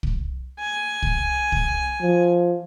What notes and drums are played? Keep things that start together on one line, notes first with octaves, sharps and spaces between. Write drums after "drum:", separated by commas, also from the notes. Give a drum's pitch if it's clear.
drum: kick
G#5
drum: kick
drum: kick
F3